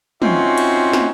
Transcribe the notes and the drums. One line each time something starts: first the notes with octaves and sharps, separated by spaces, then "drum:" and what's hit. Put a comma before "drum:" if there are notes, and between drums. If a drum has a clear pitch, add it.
C4 C#4 D#4 F4 F#4 E5, drum: tom
drum: cymbal
drum: snare